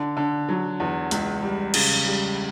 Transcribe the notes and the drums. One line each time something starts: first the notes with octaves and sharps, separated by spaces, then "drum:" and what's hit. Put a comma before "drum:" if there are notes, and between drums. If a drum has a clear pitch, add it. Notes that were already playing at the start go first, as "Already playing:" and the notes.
Already playing: D3
D3
F#3
E2
C#2, drum: hi-hat
G3
C#3, drum: cymbal
G3